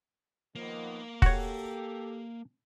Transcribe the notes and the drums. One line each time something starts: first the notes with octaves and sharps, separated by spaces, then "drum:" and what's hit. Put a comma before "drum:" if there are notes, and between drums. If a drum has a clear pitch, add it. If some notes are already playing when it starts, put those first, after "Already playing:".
D#3 F3 A#3 B3
F#4 G4 A4 C#5, drum: kick